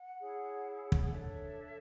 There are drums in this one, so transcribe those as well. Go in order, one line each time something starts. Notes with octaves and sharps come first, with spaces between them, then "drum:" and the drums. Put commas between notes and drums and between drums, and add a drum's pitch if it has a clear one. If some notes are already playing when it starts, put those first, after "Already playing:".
Already playing: F#5
E4 G#4 C#5
drum: kick
D4 A4 C#5 E5